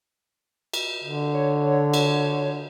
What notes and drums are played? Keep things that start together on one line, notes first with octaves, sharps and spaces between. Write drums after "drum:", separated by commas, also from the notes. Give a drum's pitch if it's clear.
drum: cymbal
D3
C#5
drum: cymbal